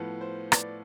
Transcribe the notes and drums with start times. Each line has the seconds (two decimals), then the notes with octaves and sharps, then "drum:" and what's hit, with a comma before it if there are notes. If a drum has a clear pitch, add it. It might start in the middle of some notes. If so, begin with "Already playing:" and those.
Already playing: A2 F3 B3
0.21 C5
0.52 B4 D5, drum: rim click